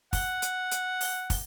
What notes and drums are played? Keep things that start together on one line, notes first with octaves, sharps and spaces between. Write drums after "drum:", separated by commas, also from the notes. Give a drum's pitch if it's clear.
F#5, drum: kick, open hi-hat
drum: hi-hat
drum: hi-hat
drum: open hi-hat
drum: kick, open hi-hat